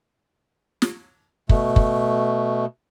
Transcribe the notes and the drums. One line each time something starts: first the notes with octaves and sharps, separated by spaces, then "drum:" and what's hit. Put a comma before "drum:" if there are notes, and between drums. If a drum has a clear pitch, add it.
drum: snare
B2 A3, drum: kick
drum: kick